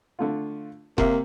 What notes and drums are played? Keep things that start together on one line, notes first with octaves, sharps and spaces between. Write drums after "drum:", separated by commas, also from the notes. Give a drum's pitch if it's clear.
D3 A3 F4
C3 A#3 E5, drum: kick F1